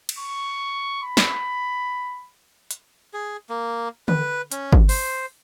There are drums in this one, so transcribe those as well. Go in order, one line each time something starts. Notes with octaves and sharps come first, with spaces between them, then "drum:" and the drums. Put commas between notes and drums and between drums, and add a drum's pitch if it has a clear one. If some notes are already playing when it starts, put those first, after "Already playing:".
drum: cymbal
C#6
B5
drum: snare
drum: hi-hat
G#4
A#3
B4, drum: tom D3
C#4, drum: hi-hat
drum: kick
C5, drum: open hi-hat